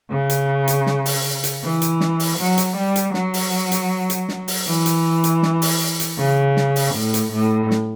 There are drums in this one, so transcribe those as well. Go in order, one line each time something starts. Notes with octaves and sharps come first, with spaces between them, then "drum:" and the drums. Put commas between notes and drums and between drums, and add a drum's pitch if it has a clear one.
C#3
drum: hi-hat
drum: hi-hat
drum: snare
drum: open hi-hat
drum: hi-hat
E3
drum: hi-hat
drum: snare
drum: open hi-hat
F#3
drum: hi-hat
G3
drum: hi-hat
F#3, drum: snare
drum: open hi-hat
drum: hi-hat
drum: hi-hat
drum: snare
drum: open hi-hat
E3
drum: hi-hat
drum: hi-hat
drum: snare
drum: open hi-hat
drum: hi-hat
C#3
drum: snare
drum: open hi-hat
A2
drum: hi-hat
A2
drum: snare